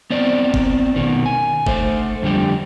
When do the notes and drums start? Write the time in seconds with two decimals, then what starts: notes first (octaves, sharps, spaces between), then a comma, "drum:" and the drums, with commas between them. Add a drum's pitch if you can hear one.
0.10 B3 C4 D5
0.54 drum: kick G1
0.96 B2 D#3
1.26 G#5
1.67 A3 C5, drum: kick G1
2.22 F2 D3 G3 G4